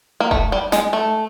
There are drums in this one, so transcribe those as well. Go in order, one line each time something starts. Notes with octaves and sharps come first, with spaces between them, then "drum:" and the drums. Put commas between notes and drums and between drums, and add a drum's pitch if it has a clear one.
A#3
A3, drum: kick E1
G3
G#3, drum: snare
A3